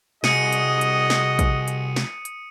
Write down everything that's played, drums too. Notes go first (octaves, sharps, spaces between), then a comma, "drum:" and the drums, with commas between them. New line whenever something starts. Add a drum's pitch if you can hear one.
C2 F#4 G#4 D#5 D#6 C#7 D#7, drum: snare
drum: hi-hat
drum: hi-hat
drum: snare
drum: kick, hi-hat
drum: hi-hat
drum: snare
drum: hi-hat